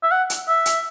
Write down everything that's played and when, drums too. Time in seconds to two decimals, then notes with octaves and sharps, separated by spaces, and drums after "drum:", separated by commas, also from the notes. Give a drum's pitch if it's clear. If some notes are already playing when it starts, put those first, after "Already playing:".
0.03 E5
0.12 F#5
0.30 drum: hi-hat
0.48 E5
0.66 drum: hi-hat